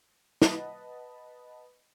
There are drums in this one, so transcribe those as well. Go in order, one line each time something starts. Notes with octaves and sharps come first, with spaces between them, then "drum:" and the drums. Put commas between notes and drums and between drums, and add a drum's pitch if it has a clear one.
B4 D#5 F#5 A5 B5, drum: snare